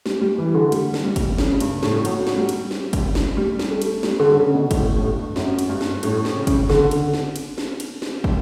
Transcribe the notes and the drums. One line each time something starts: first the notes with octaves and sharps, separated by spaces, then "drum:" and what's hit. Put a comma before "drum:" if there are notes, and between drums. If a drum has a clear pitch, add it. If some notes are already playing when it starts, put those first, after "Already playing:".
G3, drum: snare
G3
E3
D3
G3, drum: cymbal
drum: snare
G3
drum: kick, cymbal
C#3, drum: snare
G2, drum: cymbal
A2, drum: snare
F#3, drum: cymbal
drum: snare
G3
drum: cymbal
drum: snare
drum: kick, cymbal
drum: snare
G3
drum: snare
A3
drum: cymbal
G3, drum: snare
D3
D3
C#3
B2
A2, drum: kick, cymbal
A2
G2
F#2, drum: snare
drum: cymbal
G2
drum: snare
A2, drum: cymbal
drum: snare
C#3
drum: kick, cymbal
D3, drum: snare
drum: cymbal
drum: snare
drum: cymbal
drum: snare
drum: cymbal
drum: snare
drum: kick